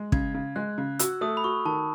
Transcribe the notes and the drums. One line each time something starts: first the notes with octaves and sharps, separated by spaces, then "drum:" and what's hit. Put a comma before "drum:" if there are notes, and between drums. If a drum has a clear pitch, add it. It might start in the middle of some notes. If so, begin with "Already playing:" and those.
Already playing: G#3
C#3 G#6, drum: kick
C#3
G#3 F#6
C#3
F#4 E6, drum: hi-hat
A3 D#6
B5
F#4 C#6
D#3 A5